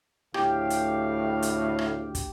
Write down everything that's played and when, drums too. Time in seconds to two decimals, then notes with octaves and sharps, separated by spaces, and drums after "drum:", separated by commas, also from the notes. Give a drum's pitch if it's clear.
0.34 D2 A2 G4 F5, drum: rim click
0.70 drum: hi-hat
1.42 drum: hi-hat
1.79 drum: rim click
2.15 drum: kick, hi-hat